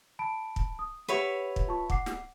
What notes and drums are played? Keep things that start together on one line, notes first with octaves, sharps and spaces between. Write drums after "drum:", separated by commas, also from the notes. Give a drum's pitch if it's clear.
A5 B5 D7
drum: kick
D#6
G4 B4 C#5 E5 F#5 F7
drum: kick
F4 A5 C#6
F#5 D6 C7, drum: kick
drum: snare